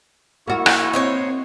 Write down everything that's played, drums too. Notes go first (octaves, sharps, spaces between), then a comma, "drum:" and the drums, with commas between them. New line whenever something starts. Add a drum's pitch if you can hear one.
A#3 E4 F#4 C#6
drum: rim click
C4 D#4 C5 C#5